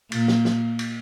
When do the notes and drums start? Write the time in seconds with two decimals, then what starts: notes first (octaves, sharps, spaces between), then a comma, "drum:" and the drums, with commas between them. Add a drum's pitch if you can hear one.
0.12 A#2, drum: cymbal
0.28 drum: snare
0.45 drum: snare
0.79 drum: cymbal